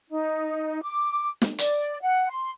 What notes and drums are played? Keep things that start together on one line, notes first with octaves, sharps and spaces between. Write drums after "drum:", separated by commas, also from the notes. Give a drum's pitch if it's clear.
D#4
D6
drum: snare
D5, drum: hi-hat
F#5
C6